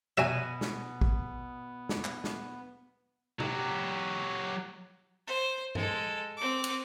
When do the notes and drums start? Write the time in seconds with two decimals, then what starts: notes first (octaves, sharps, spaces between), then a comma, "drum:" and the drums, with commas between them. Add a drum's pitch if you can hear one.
0.18 B2 F#3 B3 E5 G#5
0.61 drum: snare
1.01 drum: kick
1.89 drum: snare
2.04 drum: clap
2.24 drum: snare
3.40 F#3 G4, drum: tom C3
5.27 C5
5.75 G#3 A4, drum: tom G2
6.37 C4 D6
6.64 drum: cymbal